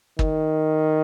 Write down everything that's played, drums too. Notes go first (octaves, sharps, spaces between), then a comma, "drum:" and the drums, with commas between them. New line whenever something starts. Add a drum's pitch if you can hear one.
D#3, drum: kick